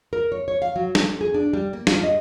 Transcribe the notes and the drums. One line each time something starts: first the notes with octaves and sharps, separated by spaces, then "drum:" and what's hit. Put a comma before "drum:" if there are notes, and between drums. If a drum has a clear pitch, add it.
A#4
C#5
C#5
F5
F#3
A4, drum: snare
G#4
D4
G3
A#3
F3, drum: snare
D#5